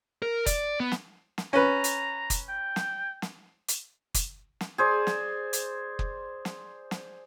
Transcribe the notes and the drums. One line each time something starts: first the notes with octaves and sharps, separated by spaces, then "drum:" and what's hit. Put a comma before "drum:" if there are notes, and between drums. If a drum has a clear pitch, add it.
A#4
D5, drum: kick, hi-hat
B3
drum: snare
drum: snare
C#4 B4 A#5
drum: hi-hat
drum: kick, hi-hat
G5
drum: snare
drum: snare
drum: hi-hat
drum: kick, hi-hat
drum: snare
G#4 C5 D5
drum: snare
drum: hi-hat
drum: kick
drum: snare
drum: snare